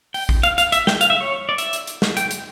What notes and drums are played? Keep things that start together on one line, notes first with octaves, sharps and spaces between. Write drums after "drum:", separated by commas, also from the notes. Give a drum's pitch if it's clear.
G5, drum: open hi-hat
drum: kick
F5, drum: hi-hat
F5, drum: hi-hat
E5, drum: hi-hat
G5, drum: snare
F5, drum: hi-hat
E5
C#5
D5
E5, drum: hi-hat
drum: hi-hat
drum: hi-hat
drum: snare
G5, drum: hi-hat
drum: hi-hat